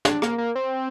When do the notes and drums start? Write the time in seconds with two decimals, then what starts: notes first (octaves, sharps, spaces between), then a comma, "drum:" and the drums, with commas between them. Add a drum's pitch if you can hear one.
0.05 D4, drum: snare
0.22 A#3, drum: rim click
0.38 A#3
0.55 C4